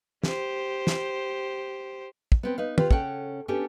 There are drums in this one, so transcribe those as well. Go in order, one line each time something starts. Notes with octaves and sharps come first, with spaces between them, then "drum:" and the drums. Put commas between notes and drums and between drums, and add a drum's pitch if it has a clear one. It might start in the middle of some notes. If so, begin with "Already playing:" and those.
G4 C5, drum: snare
drum: snare
drum: kick
B3 C4 B4
D#4 B4 F5
F4 G4 B4, drum: tom
C#3 C#4 A4 C#5 F#5 G5, drum: kick
B3 C#4 D4 G4 A4